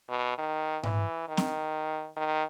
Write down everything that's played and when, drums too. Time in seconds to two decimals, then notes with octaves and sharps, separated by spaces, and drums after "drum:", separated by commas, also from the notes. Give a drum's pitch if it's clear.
0.09 B2
0.38 D#3
0.83 E3, drum: tom G#2
1.28 D#3
1.37 drum: snare
2.17 D#3